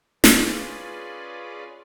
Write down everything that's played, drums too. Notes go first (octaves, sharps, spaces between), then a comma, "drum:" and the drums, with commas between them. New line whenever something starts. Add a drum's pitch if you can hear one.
C#4 F4 G#4 B4 D5, drum: snare